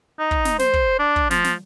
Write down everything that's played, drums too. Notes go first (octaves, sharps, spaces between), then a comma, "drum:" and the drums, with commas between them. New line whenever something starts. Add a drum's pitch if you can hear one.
D#4
drum: kick
drum: snare
C5, drum: snare
drum: kick
D4
drum: kick
F3, drum: snare
drum: snare